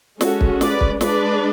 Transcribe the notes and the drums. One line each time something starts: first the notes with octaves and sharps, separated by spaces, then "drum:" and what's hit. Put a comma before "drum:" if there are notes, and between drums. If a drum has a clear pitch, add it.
G#3 C#4 F#4 A4, drum: snare
drum: kick
B4 D5, drum: snare
drum: kick
G#3 D4 B4 D5, drum: snare